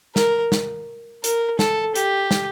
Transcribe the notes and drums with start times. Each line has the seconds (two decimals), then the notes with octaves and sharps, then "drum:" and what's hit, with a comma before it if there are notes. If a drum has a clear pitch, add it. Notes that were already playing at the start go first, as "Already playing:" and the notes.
0.16 A#4, drum: snare
0.52 drum: snare
1.24 A#4, drum: hi-hat
1.59 A4, drum: snare
1.95 G4, drum: hi-hat
2.31 drum: snare